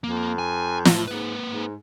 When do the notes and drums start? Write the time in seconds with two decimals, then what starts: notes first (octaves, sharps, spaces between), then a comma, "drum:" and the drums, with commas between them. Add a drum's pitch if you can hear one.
0.04 F2 A#3
0.39 G#5
0.85 A2 F3, drum: snare
1.08 G#2 A#3 B4
1.49 G#2